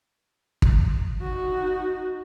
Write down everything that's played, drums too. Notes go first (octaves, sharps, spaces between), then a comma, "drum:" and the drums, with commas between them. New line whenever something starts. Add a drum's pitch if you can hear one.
drum: kick
D#4 F#4